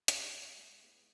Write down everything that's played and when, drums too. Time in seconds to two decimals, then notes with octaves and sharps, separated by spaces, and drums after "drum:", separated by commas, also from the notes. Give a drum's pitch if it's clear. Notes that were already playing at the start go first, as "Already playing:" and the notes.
0.08 G#2 B5, drum: hi-hat
0.33 G#3 B3 E4
0.58 G#2
0.83 G#3 B3 E4